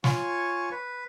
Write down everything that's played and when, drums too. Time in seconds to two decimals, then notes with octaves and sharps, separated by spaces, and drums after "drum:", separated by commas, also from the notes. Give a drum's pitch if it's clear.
0.04 F4 C#5 G#5 C#6, drum: snare
0.71 B4